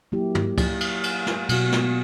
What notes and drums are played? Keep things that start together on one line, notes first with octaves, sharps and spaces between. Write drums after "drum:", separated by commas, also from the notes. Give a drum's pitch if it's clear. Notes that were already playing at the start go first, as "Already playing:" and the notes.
F#3 A#3 E4 G4
drum: tom
drum: kick C#2, cymbal
drum: cymbal
drum: cymbal
drum: snare
B2 F#3 B3 F#4, drum: cymbal
drum: snare